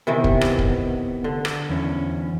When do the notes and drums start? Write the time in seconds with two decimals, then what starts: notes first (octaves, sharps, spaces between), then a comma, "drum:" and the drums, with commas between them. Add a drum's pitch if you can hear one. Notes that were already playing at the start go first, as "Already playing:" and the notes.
0.07 C3 D#3 E3 B3
0.24 drum: kick
0.41 drum: rim click
0.59 drum: kick
1.24 D3
1.45 drum: rim click
1.69 E2 C#4